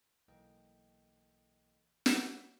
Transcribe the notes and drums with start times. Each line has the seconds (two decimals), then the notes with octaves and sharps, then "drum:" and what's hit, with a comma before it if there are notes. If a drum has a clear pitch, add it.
0.28 B1 E3 A#3 A4 D#5 G5
2.06 drum: snare